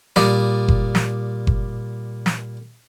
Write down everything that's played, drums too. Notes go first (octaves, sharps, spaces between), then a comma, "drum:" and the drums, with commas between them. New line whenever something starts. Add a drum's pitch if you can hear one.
A#2 G3 D5 D#6, drum: snare
drum: kick F#1
drum: snare
drum: kick F#1
drum: snare